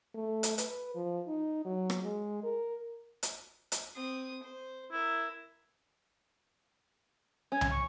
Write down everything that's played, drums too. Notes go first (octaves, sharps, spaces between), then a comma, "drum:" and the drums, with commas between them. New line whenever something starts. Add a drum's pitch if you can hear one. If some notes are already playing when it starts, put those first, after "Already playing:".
A3
drum: hi-hat
B4, drum: hi-hat
F3
D#4
F#3
drum: rim click
G#3
A#4
drum: hi-hat
drum: hi-hat
C4 D#6
C5
E4 A#4
C#4 G#5
drum: tom C2
C#6